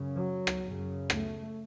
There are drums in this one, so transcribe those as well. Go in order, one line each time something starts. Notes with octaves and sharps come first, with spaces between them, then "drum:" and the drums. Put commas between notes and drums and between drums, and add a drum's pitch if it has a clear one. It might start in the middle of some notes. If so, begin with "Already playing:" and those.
Already playing: F#2 C#3
F#3
drum: rim click
F#2 C#3
A3, drum: rim click